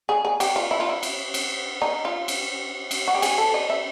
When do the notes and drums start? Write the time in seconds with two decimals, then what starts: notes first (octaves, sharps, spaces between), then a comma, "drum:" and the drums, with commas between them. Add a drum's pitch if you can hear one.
0.09 G#4
0.25 G#4
0.40 G4, drum: cymbal
0.56 F4
0.71 E4
0.80 F4
0.89 E4
1.03 drum: cymbal
1.34 drum: cymbal
1.82 D#4
2.05 F4
2.28 drum: cymbal
2.91 drum: cymbal
3.08 F#4
3.15 G4
3.22 G#4, drum: cymbal
3.38 A4
3.54 D#5
3.70 E5